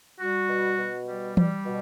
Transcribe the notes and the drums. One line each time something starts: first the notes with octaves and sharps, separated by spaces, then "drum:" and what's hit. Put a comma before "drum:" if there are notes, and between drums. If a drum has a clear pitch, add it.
G3 F#4
B2
B2
G3
G3, drum: tom E3
B2